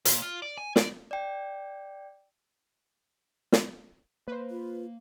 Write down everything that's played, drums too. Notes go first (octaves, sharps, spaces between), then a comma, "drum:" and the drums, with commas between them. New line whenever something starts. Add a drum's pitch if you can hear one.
A#2, drum: hi-hat
F4
D5
G#5
D5, drum: snare
D5 G5
drum: snare
A#3 B4 C5
F4